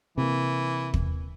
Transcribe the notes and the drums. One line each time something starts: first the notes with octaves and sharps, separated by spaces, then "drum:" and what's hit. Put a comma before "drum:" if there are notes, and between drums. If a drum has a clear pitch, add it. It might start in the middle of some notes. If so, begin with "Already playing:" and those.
C3 E3 A#3
drum: kick